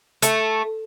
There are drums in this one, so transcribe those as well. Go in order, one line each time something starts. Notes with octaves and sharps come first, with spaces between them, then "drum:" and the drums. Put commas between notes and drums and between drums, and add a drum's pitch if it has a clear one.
A3, drum: hi-hat